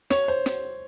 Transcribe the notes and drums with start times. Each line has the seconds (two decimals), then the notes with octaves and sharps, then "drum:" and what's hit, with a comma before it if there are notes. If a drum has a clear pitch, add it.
0.10 C#5, drum: snare
0.28 C5
0.46 drum: snare